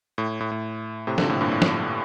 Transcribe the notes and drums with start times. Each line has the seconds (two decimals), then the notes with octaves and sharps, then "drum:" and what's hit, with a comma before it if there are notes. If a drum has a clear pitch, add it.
0.18 A2
0.40 A2
0.51 A2
1.07 A2 C3
1.18 A#2 D3, drum: snare
1.29 A2 C3
1.41 G2 A#2
1.52 A2
1.62 drum: snare